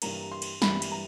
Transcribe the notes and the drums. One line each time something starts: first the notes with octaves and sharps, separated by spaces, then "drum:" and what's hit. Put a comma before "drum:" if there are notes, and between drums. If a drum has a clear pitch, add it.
G2 E3 G3 A#3 A#5, drum: cymbal
C6
drum: cymbal
G2 E3 G3 A#3 B5, drum: snare
drum: cymbal
A#5